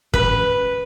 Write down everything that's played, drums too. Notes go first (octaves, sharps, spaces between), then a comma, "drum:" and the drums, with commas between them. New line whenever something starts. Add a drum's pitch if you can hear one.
B4, drum: kick